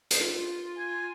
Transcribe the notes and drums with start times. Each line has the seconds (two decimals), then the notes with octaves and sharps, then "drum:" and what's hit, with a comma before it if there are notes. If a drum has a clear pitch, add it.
0.11 drum: hi-hat
0.21 F4
0.78 G#5